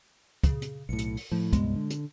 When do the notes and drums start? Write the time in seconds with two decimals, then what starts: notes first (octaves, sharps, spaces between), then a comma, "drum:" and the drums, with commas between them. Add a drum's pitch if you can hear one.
0.44 C#3, drum: kick, hi-hat
0.62 drum: hi-hat
0.89 B1 A2 C#7
0.98 drum: hi-hat
1.17 drum: open hi-hat
1.32 A2 F3
1.53 C2 G2 G#3 B3, drum: kick, hi-hat
1.76 D3
1.90 drum: hi-hat